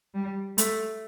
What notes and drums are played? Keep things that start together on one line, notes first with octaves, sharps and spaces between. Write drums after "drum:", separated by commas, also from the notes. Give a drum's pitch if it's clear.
G3
A3, drum: hi-hat